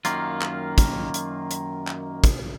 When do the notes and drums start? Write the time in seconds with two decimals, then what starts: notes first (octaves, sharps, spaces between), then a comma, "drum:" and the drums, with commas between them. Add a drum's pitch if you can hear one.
0.05 F#2 D#3 A#3 F4, drum: hi-hat
0.41 drum: clap
0.78 drum: kick, hi-hat
1.14 drum: hi-hat
1.51 drum: hi-hat
1.87 drum: clap
2.24 drum: kick, hi-hat